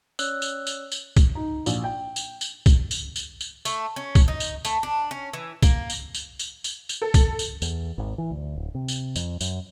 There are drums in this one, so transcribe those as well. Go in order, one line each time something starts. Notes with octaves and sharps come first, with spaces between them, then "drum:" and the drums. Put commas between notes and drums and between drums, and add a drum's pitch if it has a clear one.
C#4 C#5 D5 E6 F#6, drum: tambourine
drum: tambourine
drum: tambourine
drum: tambourine
drum: kick, tambourine
D#4
A#1, drum: tambourine
G5
drum: tambourine
drum: tambourine
drum: kick, tambourine
drum: tambourine
drum: tambourine
drum: tambourine
A3, drum: tambourine
C#4
drum: kick, tambourine
D#4
drum: tambourine
A3, drum: tambourine
D4
C#4
E3
A#3, drum: kick, tambourine
drum: tambourine
drum: tambourine
drum: tambourine
drum: tambourine
drum: tambourine
A4
drum: kick, tambourine
drum: tambourine
E2, drum: tambourine
G#1
E3
D2
D1
C3
drum: tambourine
F2, drum: tambourine
F#2, drum: tambourine